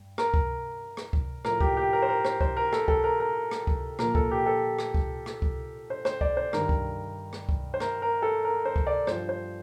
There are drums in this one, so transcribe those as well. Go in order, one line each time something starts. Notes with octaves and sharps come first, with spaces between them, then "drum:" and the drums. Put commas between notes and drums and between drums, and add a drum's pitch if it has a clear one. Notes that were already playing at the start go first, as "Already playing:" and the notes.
Already playing: G2
A#4, drum: rim click
drum: kick C#2
drum: rim click
drum: kick C#2
A2 F3 A#4, drum: rim click
G4, drum: kick C#2
G4
A#4
C5
A#4
C5, drum: rim click
C5, drum: kick C#2
A#4
A4, drum: rim click
A4, drum: kick C#2
A#4
A#4
drum: rim click
drum: kick C#2
A#2 F3 A#4, drum: rim click
A4, drum: kick C#2
G4
A4
drum: rim click
drum: kick C#2
drum: rim click
drum: kick C#2
C5
C5, drum: rim click
D5, drum: kick C#2
C5
G2 D#3 A#4, drum: rim click
drum: kick C#2
drum: rim click
drum: kick C#2
C5
A#4, drum: rim click
A#4
A4
A#4
C5
drum: kick C#2
D5
G2 F3 C5, drum: rim click
C5